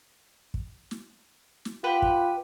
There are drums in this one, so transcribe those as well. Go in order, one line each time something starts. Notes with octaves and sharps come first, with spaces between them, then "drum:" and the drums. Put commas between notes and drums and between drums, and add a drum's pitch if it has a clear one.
drum: kick
drum: snare
drum: snare
F4 G4 B4 F#5
drum: kick